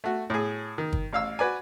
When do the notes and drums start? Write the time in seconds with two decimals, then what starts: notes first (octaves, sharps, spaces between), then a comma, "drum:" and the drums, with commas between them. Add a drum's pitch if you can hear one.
0.04 A3 F#4
0.30 A2 G#4
0.78 D#3
0.93 drum: kick
1.13 A1 F5 E6
1.39 F#4 B4 D5 G#5